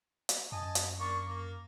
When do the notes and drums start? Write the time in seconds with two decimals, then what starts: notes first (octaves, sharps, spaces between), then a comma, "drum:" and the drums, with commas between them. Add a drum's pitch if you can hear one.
0.29 drum: hi-hat
0.52 F#2 D#5 G#5 A5
0.75 drum: hi-hat
1.00 A#3 D4 C#6
1.28 A#3